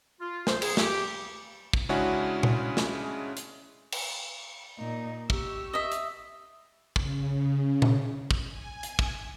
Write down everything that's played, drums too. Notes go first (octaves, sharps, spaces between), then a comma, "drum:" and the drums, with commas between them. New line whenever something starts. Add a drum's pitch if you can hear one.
F4
C5, drum: snare
G#4, drum: cymbal
G4, drum: snare
drum: kick
C#3 G#3 C#4 D4 E4 F#4
drum: tom A#2
drum: snare
drum: hi-hat
drum: cymbal
A#2 D#4
G4 C#6 E6, drum: kick
D#5 E5
drum: hi-hat
C#3, drum: kick
drum: tom A#2
drum: kick
G#5
drum: hi-hat
drum: kick